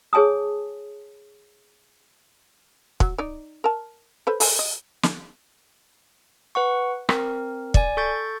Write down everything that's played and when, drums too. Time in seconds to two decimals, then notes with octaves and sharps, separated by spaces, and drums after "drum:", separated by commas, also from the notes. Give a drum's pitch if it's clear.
0.13 G#4 C#5 G#5 A5 D#6
3.00 F#3, drum: kick
3.18 D#4 D5
3.64 A#4 A5
4.27 A4 B4 C5
4.40 A4 G#5, drum: open hi-hat
4.59 D#5
5.03 drum: snare
6.55 B4 F#5 C#6
7.09 C4 A#4, drum: rim click
7.74 D5 G#5, drum: kick
7.97 A4 C#6 G6 A6